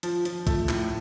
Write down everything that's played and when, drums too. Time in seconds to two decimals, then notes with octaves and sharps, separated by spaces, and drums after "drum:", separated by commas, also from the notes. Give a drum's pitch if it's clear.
0.03 F3, drum: hi-hat
0.25 F3, drum: hi-hat
0.47 A3, drum: kick, hi-hat
0.69 A2, drum: clap